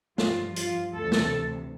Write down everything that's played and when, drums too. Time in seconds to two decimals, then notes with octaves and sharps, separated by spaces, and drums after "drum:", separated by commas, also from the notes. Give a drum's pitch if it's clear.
0.18 G2 F3 F4, drum: snare
0.56 F4, drum: hi-hat
0.94 D2 C3 E3 A4
1.12 drum: snare